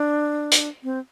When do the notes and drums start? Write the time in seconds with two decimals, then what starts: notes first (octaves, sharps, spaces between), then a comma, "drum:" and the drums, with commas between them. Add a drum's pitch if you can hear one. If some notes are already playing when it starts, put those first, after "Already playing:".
Already playing: D4
0.52 drum: hi-hat
0.84 C4